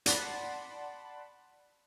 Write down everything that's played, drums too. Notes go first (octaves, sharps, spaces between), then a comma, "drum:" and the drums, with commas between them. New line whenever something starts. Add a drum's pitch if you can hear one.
D5 F#5 A5 B5 C6, drum: hi-hat